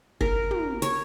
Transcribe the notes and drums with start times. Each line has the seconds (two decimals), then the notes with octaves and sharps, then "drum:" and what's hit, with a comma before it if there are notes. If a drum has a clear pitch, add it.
0.21 A#4, drum: kick F#1
0.51 drum: tom
0.82 C#5, drum: hi-hat